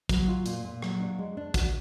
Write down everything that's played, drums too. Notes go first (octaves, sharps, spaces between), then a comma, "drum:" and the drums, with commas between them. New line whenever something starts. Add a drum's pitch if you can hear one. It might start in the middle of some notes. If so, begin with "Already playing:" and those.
F#3, drum: kick, hi-hat
F4
A#2, drum: hi-hat
A#2
F#3, drum: rim click
D4
G#3
D4
F#4, drum: kick, hi-hat